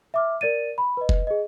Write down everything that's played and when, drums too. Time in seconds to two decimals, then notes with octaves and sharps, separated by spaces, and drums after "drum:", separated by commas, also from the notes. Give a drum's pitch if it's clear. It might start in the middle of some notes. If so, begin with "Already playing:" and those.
0.14 E5 D6 F6
0.41 A#4 D5 A6 D#7
0.78 B5
0.97 B4 D#5
1.09 drum: kick F1
1.27 G#4 D#5